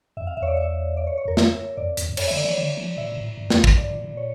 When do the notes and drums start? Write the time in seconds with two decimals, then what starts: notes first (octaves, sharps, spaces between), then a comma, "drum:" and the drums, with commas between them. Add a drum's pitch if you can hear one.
0.17 F2 E5
0.27 F5
0.37 E2 E5
0.42 C#5
0.47 D5
0.57 E5
0.97 D5
1.07 C#5
1.18 C#5
1.25 E2 A#4
1.37 F2 E5, drum: snare
1.77 F2 D5
1.97 E2, drum: hi-hat
2.09 G2
2.17 F2 C#5, drum: cymbal
2.27 E5
2.31 D3
2.37 D5
2.44 E3 C#5
2.57 D3 D5
2.77 F3
2.97 A#2 E5
3.12 A#2
3.17 A2
3.37 G2
3.50 E2, drum: snare
3.64 F2, drum: kick
3.78 G2 D5
3.91 A#2
4.04 A#2
4.17 C#5